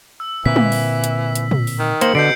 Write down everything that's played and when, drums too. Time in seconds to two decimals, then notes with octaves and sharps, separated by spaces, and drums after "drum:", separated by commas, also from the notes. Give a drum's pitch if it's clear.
0.20 E6
0.46 A#2 D3 E3 C4 B6
0.56 drum: tom
0.72 drum: open hi-hat
1.04 drum: hi-hat
1.35 drum: hi-hat
1.51 drum: tom
1.67 drum: open hi-hat
1.79 D#3
2.01 A#3 C5 C#7 F#7, drum: hi-hat
2.15 B2 D3 G6 C7 D7